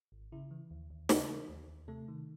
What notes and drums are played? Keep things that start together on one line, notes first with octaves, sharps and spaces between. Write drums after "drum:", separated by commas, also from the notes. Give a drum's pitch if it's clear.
G#1
C#3 E4
E3
D#2
D#2
C#3 A3 A4, drum: snare
E3
D#2
D#2
C3 A3 A4
D#3